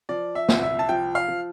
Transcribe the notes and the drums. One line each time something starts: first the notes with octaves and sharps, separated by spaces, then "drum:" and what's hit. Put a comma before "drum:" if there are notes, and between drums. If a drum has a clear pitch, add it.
F3 D5
E5
C2, drum: snare
E5
A5
F3 G5
F5
F3